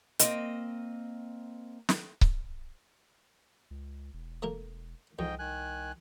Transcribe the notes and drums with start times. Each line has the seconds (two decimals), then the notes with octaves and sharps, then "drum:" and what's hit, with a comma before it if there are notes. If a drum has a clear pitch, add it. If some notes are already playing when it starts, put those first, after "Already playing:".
0.20 A#3 C4 D#5, drum: hi-hat
1.89 drum: snare
2.21 drum: kick C#1
3.71 C#2
4.14 E1
4.43 A3 A#3 A#4
5.19 C2 F2 G#2 D#5 G5
5.39 D#3 G#5 F#6